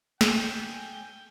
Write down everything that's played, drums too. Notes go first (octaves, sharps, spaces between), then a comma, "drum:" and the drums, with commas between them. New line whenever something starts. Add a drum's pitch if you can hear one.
G5 G#5, drum: snare